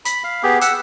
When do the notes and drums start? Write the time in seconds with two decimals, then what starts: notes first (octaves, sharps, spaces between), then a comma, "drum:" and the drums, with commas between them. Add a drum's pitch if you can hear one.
0.05 B5, drum: hi-hat
0.24 F5
0.43 B3 G4 G#4
0.61 F#5 E6, drum: hi-hat